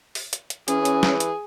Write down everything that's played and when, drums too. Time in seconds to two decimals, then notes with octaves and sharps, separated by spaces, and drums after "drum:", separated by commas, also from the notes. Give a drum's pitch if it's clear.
0.15 drum: open hi-hat
0.33 drum: hi-hat
0.50 drum: hi-hat
0.68 E3 C#4 G#4, drum: hi-hat
0.85 drum: hi-hat
1.03 drum: snare
1.20 drum: hi-hat